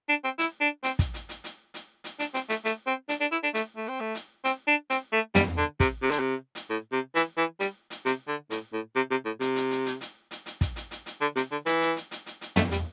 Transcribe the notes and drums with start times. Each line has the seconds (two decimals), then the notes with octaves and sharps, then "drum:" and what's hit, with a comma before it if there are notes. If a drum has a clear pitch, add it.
0.09 D4
0.24 C4
0.39 E4, drum: hi-hat
0.61 D4
0.84 C4, drum: hi-hat
0.99 drum: kick, hi-hat
1.14 drum: hi-hat
1.29 drum: hi-hat
1.44 drum: hi-hat
1.74 drum: hi-hat
2.04 drum: hi-hat
2.19 D4, drum: hi-hat
2.34 C4, drum: hi-hat
2.49 A3, drum: hi-hat
2.65 A3, drum: hi-hat
2.87 C4
3.09 D4, drum: hi-hat
3.21 D4
3.32 E4
3.43 D4
3.54 A3, drum: hi-hat
3.77 A3
3.88 C4
4.01 A3
4.15 drum: hi-hat
4.44 C4, drum: hi-hat
4.67 D4
4.90 C4, drum: hi-hat
5.13 A3
5.35 G3, drum: tom
5.57 D3
5.80 C3, drum: kick, hi-hat
6.02 C3
6.11 D3, drum: hi-hat
6.20 C3
6.55 drum: hi-hat
6.70 A2
6.92 C3
7.15 E3, drum: hi-hat
7.38 E3
7.60 G3, drum: hi-hat
7.90 drum: hi-hat
8.06 C3, drum: hi-hat
8.28 D3
8.51 A2, drum: hi-hat
8.73 A2
8.96 C3
9.11 C3
9.25 A2
9.41 C3, drum: hi-hat
9.56 drum: hi-hat
9.71 drum: hi-hat
9.86 drum: hi-hat
10.01 drum: hi-hat
10.31 drum: hi-hat
10.46 drum: hi-hat
10.61 drum: kick, hi-hat
10.76 drum: hi-hat
10.91 drum: hi-hat
11.06 drum: hi-hat
11.21 D3
11.36 C3, drum: hi-hat
11.51 D3
11.66 E3, drum: hi-hat
11.81 drum: hi-hat
11.96 drum: hi-hat
12.11 drum: hi-hat
12.26 drum: hi-hat
12.41 drum: hi-hat
12.56 A3, drum: tom
12.72 G3, drum: hi-hat